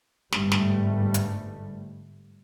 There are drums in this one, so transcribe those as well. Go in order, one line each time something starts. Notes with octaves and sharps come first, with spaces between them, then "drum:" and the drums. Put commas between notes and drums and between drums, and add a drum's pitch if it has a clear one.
G1 G#2 D3 G3 A3, drum: snare
drum: snare
drum: hi-hat